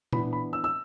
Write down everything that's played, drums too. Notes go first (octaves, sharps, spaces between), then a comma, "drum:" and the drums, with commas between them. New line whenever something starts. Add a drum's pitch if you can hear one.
E3 B3 D4 B5, drum: tom A#2
B5
E6
E6